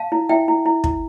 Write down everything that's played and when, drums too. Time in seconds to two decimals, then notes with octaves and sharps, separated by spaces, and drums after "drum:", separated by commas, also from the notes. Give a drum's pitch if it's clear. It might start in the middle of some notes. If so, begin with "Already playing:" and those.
Already playing: F5 A5
0.12 E4
0.29 E4 E5 G5
0.48 E4
0.66 E4
0.84 E4, drum: kick